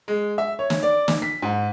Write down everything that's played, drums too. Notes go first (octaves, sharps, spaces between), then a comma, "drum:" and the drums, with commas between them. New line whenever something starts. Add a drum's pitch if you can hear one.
G#3
E5
C#5
drum: snare
D5
drum: snare
B6
G#2